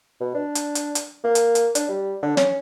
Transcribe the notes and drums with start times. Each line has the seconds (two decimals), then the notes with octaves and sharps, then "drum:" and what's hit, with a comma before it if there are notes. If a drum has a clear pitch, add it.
0.20 B2
0.34 D4
0.55 drum: hi-hat
0.75 drum: hi-hat
0.95 drum: hi-hat
1.24 A#3
1.35 drum: hi-hat
1.55 drum: hi-hat
1.75 D4, drum: hi-hat
1.89 G3
2.22 D3
2.37 C#4, drum: snare